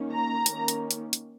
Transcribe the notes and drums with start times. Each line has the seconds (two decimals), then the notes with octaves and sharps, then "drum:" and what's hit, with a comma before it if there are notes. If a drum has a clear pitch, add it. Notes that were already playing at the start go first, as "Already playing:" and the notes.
Already playing: D#3 A#3 C#4
0.13 A#5
0.46 D#3 A#3 C#4, drum: hi-hat
0.68 drum: hi-hat
0.91 drum: hi-hat
1.13 drum: hi-hat